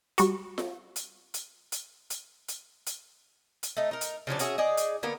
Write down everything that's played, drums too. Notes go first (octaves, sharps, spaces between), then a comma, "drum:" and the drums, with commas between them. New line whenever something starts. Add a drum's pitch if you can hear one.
G3 F#4, drum: hi-hat
drum: snare F4
drum: hi-hat
drum: hi-hat
drum: hi-hat
drum: hi-hat
drum: hi-hat
drum: hi-hat
drum: hi-hat
A3 D#4
D#4 A#4
drum: hi-hat
C#3 F3 F#3 D4
C#4 F#4 G#4 E5, drum: hi-hat
D#4 G#4 D5
drum: hi-hat
D3 A#3 B3 F5